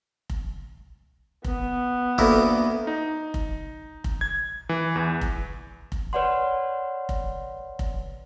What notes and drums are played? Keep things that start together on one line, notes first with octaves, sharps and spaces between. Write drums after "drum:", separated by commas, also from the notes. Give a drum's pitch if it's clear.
drum: kick F1
B3, drum: kick F1
D2 A#3 E4, drum: kick F1
D#4
drum: kick F1
drum: kick F1
G#6
E3
E2
drum: kick F1
drum: kick F1
B4 C#5 D5 F#5 C6
drum: kick F1
drum: kick F1